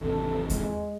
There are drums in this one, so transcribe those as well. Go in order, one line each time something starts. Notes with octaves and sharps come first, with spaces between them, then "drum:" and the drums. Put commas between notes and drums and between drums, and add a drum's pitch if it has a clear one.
G#1 E2 C3 A4
G#3, drum: kick E2, hi-hat